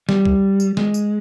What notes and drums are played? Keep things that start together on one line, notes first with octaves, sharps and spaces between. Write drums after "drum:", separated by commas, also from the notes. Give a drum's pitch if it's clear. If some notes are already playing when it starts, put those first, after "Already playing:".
G3, drum: snare
drum: kick B1
drum: tambourine
G#3, drum: snare
drum: tambourine